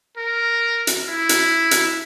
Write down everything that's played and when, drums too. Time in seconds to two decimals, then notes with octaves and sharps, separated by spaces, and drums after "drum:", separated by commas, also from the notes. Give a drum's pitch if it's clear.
0.17 A#4
0.87 drum: hi-hat
1.08 E4
1.29 drum: hi-hat
1.71 drum: hi-hat